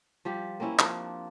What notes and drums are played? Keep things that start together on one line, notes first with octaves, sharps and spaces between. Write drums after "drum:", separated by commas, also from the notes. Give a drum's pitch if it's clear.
F3 G3 G4
A#3 C4 C#4 E4
F3 D4, drum: clap